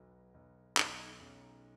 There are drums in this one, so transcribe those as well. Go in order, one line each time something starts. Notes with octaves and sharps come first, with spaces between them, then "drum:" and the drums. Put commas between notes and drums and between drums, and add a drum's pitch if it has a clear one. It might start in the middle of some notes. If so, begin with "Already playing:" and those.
Already playing: B1 B2 B3
B1
B1 D#4, drum: clap
D#4
D#4
B1 C#4
D#4